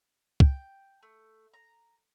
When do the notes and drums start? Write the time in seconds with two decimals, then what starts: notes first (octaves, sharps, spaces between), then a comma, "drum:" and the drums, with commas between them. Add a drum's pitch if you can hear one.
0.40 G5, drum: kick
1.03 A3
1.54 A#5